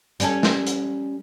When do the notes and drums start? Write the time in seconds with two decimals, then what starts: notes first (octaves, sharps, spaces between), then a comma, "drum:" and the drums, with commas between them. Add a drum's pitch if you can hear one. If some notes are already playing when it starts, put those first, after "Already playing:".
0.20 G3 C#4 A4, drum: hi-hat
0.43 drum: snare
0.67 drum: hi-hat